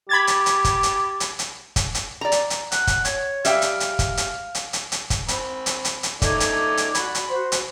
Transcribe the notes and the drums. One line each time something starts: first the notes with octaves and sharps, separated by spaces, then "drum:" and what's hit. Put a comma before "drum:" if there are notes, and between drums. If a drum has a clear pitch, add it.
G4 B5 G#6 A6
drum: hi-hat
drum: hi-hat
drum: kick, hi-hat
drum: hi-hat
drum: hi-hat
drum: hi-hat
drum: kick, hi-hat
drum: hi-hat
D5 A#5
drum: hi-hat
drum: hi-hat
F#5, drum: hi-hat
drum: kick, hi-hat
C#5, drum: hi-hat
G3 E5 F5 G5, drum: hi-hat
drum: hi-hat
drum: hi-hat
drum: kick, hi-hat
drum: hi-hat
drum: hi-hat
drum: hi-hat
drum: hi-hat
drum: kick, hi-hat
C4 B5, drum: hi-hat
drum: hi-hat
drum: hi-hat
drum: hi-hat
A3 D#4 D5 D6 G#6, drum: kick, hi-hat
drum: hi-hat
drum: hi-hat
F#4 D5 B5, drum: hi-hat
drum: hi-hat
F#4 C5 C6
drum: hi-hat